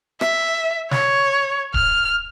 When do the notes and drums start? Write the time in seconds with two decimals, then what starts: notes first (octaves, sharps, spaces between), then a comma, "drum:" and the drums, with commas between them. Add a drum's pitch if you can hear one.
0.21 E5, drum: rim click
0.91 C#5, drum: snare
1.74 F6, drum: kick D1